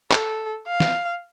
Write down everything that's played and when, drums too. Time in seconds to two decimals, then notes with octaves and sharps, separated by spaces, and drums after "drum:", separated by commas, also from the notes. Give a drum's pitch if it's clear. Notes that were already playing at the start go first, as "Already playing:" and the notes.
0.11 A4, drum: clap
0.67 F5
0.80 drum: snare